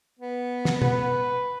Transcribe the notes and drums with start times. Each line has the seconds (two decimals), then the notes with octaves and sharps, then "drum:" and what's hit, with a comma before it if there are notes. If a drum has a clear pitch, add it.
0.19 B3
0.65 drum: snare
0.82 B4, drum: tom